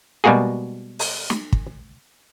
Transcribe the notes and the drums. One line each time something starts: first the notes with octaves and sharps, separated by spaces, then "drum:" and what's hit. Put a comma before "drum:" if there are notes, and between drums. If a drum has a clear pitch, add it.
B2 G3 G#3 A#3 F#4 G#4
drum: open hi-hat
drum: snare
drum: kick